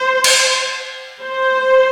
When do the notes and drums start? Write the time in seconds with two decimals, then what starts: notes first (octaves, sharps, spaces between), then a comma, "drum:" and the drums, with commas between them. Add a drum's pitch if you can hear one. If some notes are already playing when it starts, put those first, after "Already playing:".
Already playing: C5
0.24 drum: cymbal
1.21 C5